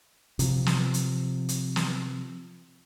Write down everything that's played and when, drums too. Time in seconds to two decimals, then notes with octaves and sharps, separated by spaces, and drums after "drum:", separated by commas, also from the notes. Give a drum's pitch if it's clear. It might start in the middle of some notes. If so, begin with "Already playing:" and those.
0.39 C3 F3, drum: hi-hat
0.66 drum: snare
0.94 drum: hi-hat
1.49 drum: hi-hat
1.76 drum: snare